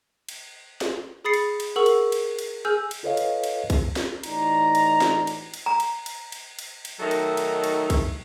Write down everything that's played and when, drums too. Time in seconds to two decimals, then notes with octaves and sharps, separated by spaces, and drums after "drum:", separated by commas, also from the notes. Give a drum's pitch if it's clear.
0.29 drum: cymbal
0.81 drum: snare
1.25 G#4 B5 D#6 A6 C7 C#7
1.34 drum: cymbal
1.60 drum: cymbal
1.76 G#4 A#4 F#5 C#6 E6 F#7
1.86 drum: cymbal
2.12 drum: cymbal
2.39 drum: cymbal
2.65 G#4 G#5 E6 F6 G6
2.91 drum: cymbal
3.03 F4 A4 B4 C#5 D#5 F5
3.17 drum: cymbal
3.44 drum: cymbal
3.70 drum: kick B1, cymbal
3.96 drum: snare
4.23 A1 D#4 D5 A#5, drum: cymbal
4.75 drum: cymbal
5.01 drum: snare
5.27 drum: cymbal
5.54 drum: cymbal
5.66 A#5
5.80 drum: cymbal
6.06 drum: cymbal
6.32 drum: cymbal
6.59 drum: cymbal
6.85 drum: cymbal
7.00 D#3 F#3 A3 D#4 A4 A#4
7.11 drum: cymbal
7.37 drum: cymbal
7.64 drum: cymbal
7.90 drum: kick B1, cymbal